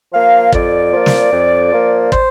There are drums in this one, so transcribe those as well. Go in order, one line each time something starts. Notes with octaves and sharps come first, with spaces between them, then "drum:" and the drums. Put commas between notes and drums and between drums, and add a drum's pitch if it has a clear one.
F3 A#3 F5
F2 D5, drum: kick
F3 A#3
drum: snare
F2
F3 A#3
C5, drum: kick